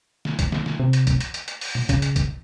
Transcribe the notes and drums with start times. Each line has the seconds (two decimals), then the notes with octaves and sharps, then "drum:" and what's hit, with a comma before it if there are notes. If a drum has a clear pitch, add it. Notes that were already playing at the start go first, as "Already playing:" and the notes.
0.25 drum: snare
0.39 drum: kick, hi-hat
0.52 drum: snare
0.66 drum: snare
0.80 C3
0.93 drum: hi-hat
1.07 drum: kick, hi-hat
1.21 drum: hi-hat
1.34 drum: hi-hat
1.48 drum: hi-hat
1.61 drum: open hi-hat
1.75 drum: tom A#2
1.89 C#3, drum: kick, hi-hat
2.02 drum: hi-hat
2.16 drum: kick, hi-hat